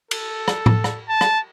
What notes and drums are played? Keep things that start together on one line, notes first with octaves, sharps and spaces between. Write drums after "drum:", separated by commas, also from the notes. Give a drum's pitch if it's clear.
A4, drum: cymbal
drum: rim click
drum: tom A2
drum: rim click
A5
drum: rim click